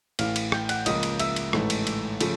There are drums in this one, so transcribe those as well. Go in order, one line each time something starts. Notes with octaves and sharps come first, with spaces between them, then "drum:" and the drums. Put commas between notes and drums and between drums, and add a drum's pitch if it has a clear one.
A1 A2 E3 F5 F6, drum: cymbal
drum: cymbal
G5 G6, drum: rim click
F#5 F#6, drum: cymbal
C#2 C#3 F3 A#3 D#5 D#6, drum: cymbal
drum: cymbal
E5 E6, drum: cymbal
drum: cymbal
A1 G#2 E3 A3, drum: rim click
drum: cymbal
drum: cymbal
C#3 F3 A3, drum: cymbal